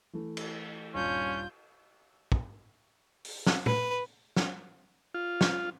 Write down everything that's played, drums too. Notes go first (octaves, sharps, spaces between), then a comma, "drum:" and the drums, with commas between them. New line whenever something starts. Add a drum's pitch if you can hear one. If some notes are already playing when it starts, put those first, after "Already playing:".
E3 A3
drum: cymbal
D#1 G2 C#4 F4 G6
drum: kick
drum: open hi-hat
drum: snare
B4, drum: tom
drum: snare
F4
drum: snare